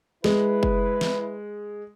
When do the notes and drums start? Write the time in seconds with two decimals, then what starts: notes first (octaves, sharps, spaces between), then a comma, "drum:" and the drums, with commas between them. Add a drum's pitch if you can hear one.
0.24 G#3 E4 B4, drum: snare
0.63 drum: kick F#1
1.01 drum: snare